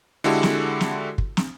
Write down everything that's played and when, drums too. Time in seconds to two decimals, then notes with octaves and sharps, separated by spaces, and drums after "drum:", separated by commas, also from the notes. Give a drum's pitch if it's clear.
0.24 D3 G#3 E4 F#4 G4 A4
0.43 drum: snare
0.81 drum: snare
1.18 drum: kick
1.37 drum: snare